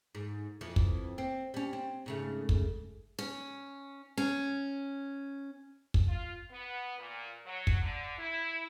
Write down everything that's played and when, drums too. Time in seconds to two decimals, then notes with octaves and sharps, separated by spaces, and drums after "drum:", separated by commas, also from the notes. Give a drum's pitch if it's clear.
0.15 G#2
0.61 F2 E3
0.76 drum: kick
1.18 C4
1.54 G3 C#4
1.73 C4
2.06 G#2 C#3 A3
2.49 drum: kick
3.19 C#4
4.17 C#4
5.94 drum: kick
6.07 F4
6.50 B3
6.98 A#2
7.45 F#3
7.67 drum: kick
7.81 D3
8.19 E4